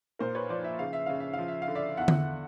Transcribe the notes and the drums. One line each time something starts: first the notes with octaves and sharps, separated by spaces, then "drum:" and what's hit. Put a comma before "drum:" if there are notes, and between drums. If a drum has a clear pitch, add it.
A#2 A#4 C5
B4 C#5
F3 C5 D5
E5
C#3 F5
E5
C#3 F5
E5
F3 F5
E5
F5
D3
D5 E5
E2 E5 F#5
drum: tom D3